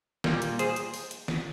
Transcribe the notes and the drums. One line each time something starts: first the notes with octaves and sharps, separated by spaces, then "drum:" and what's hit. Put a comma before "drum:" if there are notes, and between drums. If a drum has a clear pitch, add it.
A#2 G3 A#3, drum: snare
drum: hi-hat
G#4 C5, drum: hi-hat
drum: hi-hat
drum: open hi-hat
drum: hi-hat
drum: snare